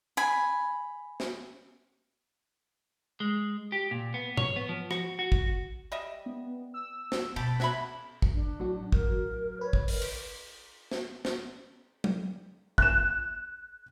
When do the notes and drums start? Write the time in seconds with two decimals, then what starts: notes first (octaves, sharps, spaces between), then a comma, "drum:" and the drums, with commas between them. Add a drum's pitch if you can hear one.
0.17 G#5 B5
1.20 drum: snare
3.20 G#3
3.72 G4
3.91 A#2
4.14 B3
4.37 C#5, drum: tom G#2
4.56 B3
4.69 F3
4.91 F#4, drum: rim click
5.19 F#4
5.32 drum: kick
5.92 G3 D#5 E5
6.26 B3
6.74 E6
7.12 drum: snare
7.36 B2 G5 A5 B5, drum: cymbal
7.60 F#4 E5 B5 G#6, drum: snare
8.22 drum: kick
8.34 D4
8.59 A2 F#3 F#4
8.92 A#4, drum: kick
9.61 B4 C#5
9.73 drum: kick
9.88 A#4, drum: open hi-hat
10.02 drum: cymbal
10.91 drum: snare
11.25 drum: snare
12.04 drum: tom
12.78 F#6 E7, drum: kick